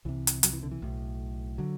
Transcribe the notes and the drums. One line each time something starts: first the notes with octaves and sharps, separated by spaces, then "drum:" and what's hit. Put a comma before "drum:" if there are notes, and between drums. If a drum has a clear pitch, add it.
C2 C3 E3
drum: hi-hat
F#3, drum: hi-hat
E3
D3
E3
B1 A2
D3 F#3